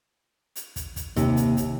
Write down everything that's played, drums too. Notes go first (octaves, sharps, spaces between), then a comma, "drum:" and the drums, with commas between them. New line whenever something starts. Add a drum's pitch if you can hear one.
drum: hi-hat
drum: kick, hi-hat
drum: kick, hi-hat
D#2 C3, drum: kick, hi-hat
drum: hi-hat
drum: kick, hi-hat